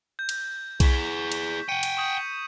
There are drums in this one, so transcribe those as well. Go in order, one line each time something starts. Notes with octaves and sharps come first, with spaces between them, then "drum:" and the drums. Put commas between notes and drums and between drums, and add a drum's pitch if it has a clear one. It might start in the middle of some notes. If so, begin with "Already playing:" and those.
G6
drum: cymbal
E4 G#4 C#6 B6, drum: kick B1, cymbal
drum: cymbal
F#5 G5 C#7 D#7
drum: cymbal
C#6 D#6 G6